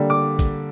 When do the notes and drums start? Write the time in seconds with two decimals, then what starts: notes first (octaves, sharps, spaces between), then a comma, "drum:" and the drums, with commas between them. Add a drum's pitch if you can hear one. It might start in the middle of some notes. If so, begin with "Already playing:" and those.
Already playing: D3 G3 A#3
0.10 D6
0.39 drum: kick, hi-hat